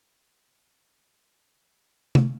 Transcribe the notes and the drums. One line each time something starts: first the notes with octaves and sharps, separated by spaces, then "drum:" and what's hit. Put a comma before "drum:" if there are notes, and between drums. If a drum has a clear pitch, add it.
D2 G#2 D4 E5
G4
drum: tom C3